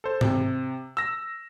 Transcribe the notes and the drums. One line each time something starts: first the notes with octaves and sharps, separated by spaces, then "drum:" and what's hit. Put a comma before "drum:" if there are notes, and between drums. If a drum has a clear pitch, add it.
A4 C5
C3, drum: tom
E6 A#6